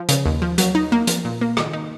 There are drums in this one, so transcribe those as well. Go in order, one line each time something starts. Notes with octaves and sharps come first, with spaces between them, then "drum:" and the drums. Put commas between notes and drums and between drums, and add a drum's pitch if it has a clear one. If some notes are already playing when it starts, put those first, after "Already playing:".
Already playing: F3
C#3, drum: hi-hat
D#2
F3
F#3, drum: hi-hat
D#4
A#3
F3, drum: hi-hat
A#2
A#3
D#3, drum: rim click
D#4